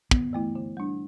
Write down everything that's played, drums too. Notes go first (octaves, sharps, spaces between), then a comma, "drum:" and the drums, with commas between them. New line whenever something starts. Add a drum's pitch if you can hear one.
G2 B3, drum: kick
E3 A3 E4
D3
G3 D4